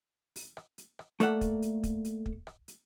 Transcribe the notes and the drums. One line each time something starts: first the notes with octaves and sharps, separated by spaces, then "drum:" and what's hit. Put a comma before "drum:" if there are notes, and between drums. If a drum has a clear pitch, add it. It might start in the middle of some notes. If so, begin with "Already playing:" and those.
drum: open hi-hat
drum: rim click
drum: hi-hat
drum: rim click
A3 A#3 A4 D5 E5 F#5, drum: hi-hat
drum: kick, hi-hat
drum: hi-hat
drum: kick, hi-hat
drum: hi-hat
drum: kick
drum: rim click
drum: hi-hat